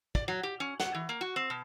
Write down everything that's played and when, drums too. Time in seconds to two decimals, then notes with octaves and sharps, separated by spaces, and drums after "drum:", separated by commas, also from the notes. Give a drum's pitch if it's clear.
0.15 D5, drum: kick
0.28 F#3
0.43 G4
0.60 C#4
0.80 F#5, drum: snare
0.95 E3
1.09 A#3
1.21 F#4
1.36 C4
1.50 B2